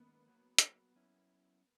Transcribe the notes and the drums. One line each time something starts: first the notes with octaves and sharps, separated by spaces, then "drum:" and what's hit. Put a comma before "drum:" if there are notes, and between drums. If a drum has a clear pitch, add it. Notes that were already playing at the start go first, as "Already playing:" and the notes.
Already playing: D#3 G#3 A#3 B3 C#4
F#3 B3 F#4
drum: hi-hat
F#3 C#4 E4